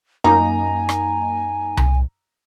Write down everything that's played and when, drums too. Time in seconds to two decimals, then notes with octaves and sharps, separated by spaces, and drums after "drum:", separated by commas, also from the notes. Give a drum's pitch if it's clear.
0.24 F#2 A#3 D#4 G#5 A#5
0.89 drum: rim click
1.77 drum: tom C2